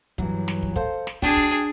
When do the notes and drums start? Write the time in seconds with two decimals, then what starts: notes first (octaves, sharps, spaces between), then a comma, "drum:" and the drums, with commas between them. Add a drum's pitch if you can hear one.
0.18 G2 E3 F#3, drum: kick, hi-hat
0.48 drum: snare
0.63 drum: kick
0.76 A4 C5 F5, drum: kick, hi-hat
1.07 drum: snare
1.22 D4 F#4 G#4 G5, drum: kick
1.37 drum: kick